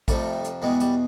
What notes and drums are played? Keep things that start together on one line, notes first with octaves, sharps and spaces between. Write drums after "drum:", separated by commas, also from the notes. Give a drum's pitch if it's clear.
F2 C3 F3 G3 A3, drum: kick, hi-hat
drum: hi-hat
E2 B2 G3 G#3
G3, drum: hi-hat